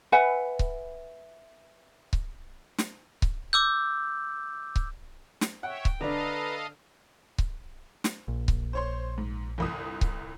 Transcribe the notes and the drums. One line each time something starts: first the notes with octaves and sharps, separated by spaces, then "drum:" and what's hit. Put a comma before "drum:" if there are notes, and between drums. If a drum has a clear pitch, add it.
B4 E5 F#5 G#5
drum: kick C#1
drum: kick C#1
drum: snare
drum: kick C#1
D6 E6 G6
drum: kick C#1
drum: snare
C#5 E5 F#5 G5
drum: kick C#1
D3 D4 A4 B4 D#5 F5 A#5
drum: kick C#1
drum: snare
A#1
drum: kick C#1
C5 C#5 C6
G#2
G1 C2 D#6
drum: kick C#1